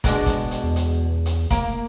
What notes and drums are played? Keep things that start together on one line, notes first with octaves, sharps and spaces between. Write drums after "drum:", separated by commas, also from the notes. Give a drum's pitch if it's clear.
B2 G#3 D4, drum: kick, hi-hat
drum: kick, hi-hat
drum: hi-hat
E2
drum: hi-hat
drum: hi-hat
A#3, drum: kick, hi-hat